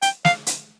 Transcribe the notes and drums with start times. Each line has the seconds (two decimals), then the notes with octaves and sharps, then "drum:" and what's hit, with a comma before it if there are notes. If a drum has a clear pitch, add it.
0.02 G5, drum: hi-hat
0.25 F5, drum: snare
0.47 drum: hi-hat